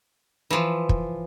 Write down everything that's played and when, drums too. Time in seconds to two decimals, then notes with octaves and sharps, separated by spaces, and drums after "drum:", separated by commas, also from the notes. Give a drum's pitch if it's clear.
0.51 E3 F3
0.89 drum: kick